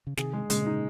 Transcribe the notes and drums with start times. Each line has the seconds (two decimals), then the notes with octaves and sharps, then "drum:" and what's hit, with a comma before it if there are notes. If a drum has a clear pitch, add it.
0.07 C#3
0.17 C3 D#3 G#4, drum: snare
0.33 G#3
0.50 A#2 C#3 G#3, drum: hi-hat
0.66 D#4